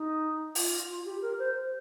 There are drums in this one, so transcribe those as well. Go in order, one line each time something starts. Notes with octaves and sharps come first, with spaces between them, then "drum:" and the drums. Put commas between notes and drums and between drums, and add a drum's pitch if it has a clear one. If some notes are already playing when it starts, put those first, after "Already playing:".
Already playing: D#4
F4, drum: open hi-hat
F4
G4
A#4
C5